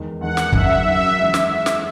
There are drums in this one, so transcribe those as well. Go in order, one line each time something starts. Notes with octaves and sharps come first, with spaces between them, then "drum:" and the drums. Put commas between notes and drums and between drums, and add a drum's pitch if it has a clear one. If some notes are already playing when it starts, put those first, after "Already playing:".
Already playing: E2 D#3 G#3
E2 D#3 G#3 F#5
drum: snare
F#2 D#3 F#3 C#4 E5, drum: kick
F#2 D#3 F#3 C#4 E5
C#3 E3 G#3
drum: snare
drum: snare